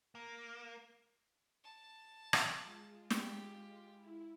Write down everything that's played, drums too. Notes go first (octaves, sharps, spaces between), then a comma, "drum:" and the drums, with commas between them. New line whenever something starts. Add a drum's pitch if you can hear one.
A#3
A5
drum: rim click
G#3 F4
G4, drum: snare
E4